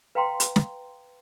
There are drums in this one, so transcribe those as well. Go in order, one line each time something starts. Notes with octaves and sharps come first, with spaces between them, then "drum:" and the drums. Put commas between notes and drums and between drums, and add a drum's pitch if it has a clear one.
B4 F5 G5 A#5 C6
drum: hi-hat
drum: snare